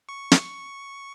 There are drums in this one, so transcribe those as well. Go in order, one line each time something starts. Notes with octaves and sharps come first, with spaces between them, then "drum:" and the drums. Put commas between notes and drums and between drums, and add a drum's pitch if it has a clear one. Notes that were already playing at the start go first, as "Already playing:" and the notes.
C#6
drum: snare